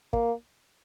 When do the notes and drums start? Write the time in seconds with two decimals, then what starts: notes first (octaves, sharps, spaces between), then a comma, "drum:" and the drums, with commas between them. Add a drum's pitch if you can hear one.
0.13 A#3, drum: kick